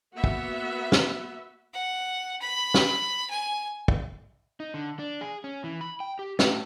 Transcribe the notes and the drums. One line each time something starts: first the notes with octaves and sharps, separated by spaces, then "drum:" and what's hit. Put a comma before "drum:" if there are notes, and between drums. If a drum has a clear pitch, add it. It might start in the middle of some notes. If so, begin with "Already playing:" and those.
A#3 B3 F#4 E5 F#5
drum: kick
drum: snare
F#5
B5
drum: snare
G#5
drum: kick
D#4
D3
D4
G#4
C#4
E3
B5
G5
G4
A2, drum: snare